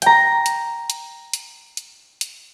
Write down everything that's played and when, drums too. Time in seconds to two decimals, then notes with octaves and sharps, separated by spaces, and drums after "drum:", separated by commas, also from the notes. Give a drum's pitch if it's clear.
0.02 G5 A#5, drum: hi-hat
0.46 drum: hi-hat
0.90 drum: hi-hat
1.33 drum: hi-hat
1.77 drum: hi-hat
2.21 drum: hi-hat